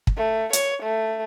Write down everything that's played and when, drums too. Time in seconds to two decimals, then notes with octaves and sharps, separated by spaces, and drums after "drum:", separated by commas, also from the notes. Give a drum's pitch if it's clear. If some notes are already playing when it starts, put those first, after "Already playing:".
0.07 drum: kick
0.17 A3
0.53 C#5, drum: hi-hat
0.83 A3